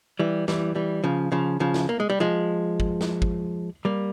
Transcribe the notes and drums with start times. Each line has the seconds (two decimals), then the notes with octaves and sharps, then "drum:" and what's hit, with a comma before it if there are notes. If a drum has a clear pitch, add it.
0.19 E3 G3
0.48 E3 G3, drum: snare
0.75 E3 G3
1.04 C#3 F3
1.32 C#3 F3
1.60 C#3 F3
1.74 drum: snare
1.89 A#3
2.00 G#3
2.10 G3
2.20 F3 G#3
2.80 drum: kick
3.01 drum: snare
3.22 drum: kick
3.85 G3 A#3